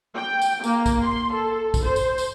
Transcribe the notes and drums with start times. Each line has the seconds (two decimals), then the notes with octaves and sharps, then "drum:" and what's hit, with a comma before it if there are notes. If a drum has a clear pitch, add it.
0.16 G5
0.42 drum: tambourine
0.64 A#3, drum: tambourine
0.86 drum: kick, tambourine
1.02 C6
1.33 A4
1.74 drum: kick, tambourine
1.83 C5
1.96 drum: tambourine
2.18 drum: tambourine